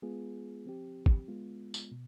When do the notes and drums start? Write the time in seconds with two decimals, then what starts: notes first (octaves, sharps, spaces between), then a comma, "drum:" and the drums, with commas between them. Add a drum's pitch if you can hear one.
0.02 G#3 B3 F4 G#4
0.65 F3 C4 G4
1.06 drum: kick G#1
1.28 G#3 B3 F4
1.74 drum: tambourine
1.92 B2